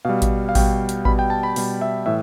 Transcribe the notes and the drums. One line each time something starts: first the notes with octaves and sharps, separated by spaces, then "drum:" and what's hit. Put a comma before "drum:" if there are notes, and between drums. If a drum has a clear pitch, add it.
B2 G3 F5
drum: kick A1, hi-hat
F5
B2 G3 G5, drum: kick A1, open hi-hat
drum: hi-hat
B2 G3 B5, drum: kick A1
G5
A5
B5
B2 G3, drum: open hi-hat
E5
A2 E3 E5